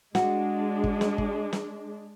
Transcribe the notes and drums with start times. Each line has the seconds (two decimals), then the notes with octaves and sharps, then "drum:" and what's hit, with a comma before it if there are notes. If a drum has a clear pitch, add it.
0.15 G#3 D4 F#4, drum: snare
0.84 drum: kick
1.01 drum: snare
1.18 drum: kick
1.53 drum: snare